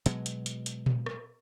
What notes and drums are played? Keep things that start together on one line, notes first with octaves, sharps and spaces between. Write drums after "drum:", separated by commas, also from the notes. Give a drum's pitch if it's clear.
B2 F#3 G#3, drum: hi-hat
drum: hi-hat
drum: hi-hat
drum: hi-hat
drum: tom A#2
drum: rim click